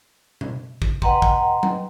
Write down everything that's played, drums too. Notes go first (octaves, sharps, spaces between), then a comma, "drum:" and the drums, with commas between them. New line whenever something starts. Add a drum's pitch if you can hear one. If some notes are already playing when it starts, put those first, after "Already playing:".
drum: tom B2
drum: kick
B4 D#5 F#5 G5 A#5 C6, drum: kick
drum: kick
drum: tom F#3